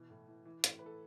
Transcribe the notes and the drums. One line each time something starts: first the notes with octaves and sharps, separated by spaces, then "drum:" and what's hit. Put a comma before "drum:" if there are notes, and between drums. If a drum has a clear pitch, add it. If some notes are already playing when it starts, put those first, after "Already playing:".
Already playing: B2 E3
A2
E3
E3
A2, drum: hi-hat
B4
E3 A4